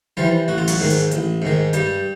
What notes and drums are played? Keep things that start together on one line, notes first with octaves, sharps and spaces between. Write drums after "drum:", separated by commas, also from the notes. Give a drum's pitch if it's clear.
E3 F3 G3 F4
A1 F#4
F4
F#3 F#4, drum: open hi-hat
G#2 D#3 G#3
drum: hi-hat
A1, drum: hi-hat
G#2 D#3 G#3
G2 G3 G4, drum: hi-hat